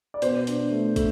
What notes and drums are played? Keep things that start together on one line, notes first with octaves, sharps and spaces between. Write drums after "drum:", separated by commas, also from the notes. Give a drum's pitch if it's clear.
D5
B2 C5, drum: hi-hat
D4, drum: hi-hat
A3
A3, drum: kick, hi-hat